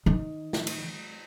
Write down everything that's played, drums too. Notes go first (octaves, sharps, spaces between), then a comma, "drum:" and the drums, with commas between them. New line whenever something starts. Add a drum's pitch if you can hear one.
D#3
drum: snare
drum: cymbal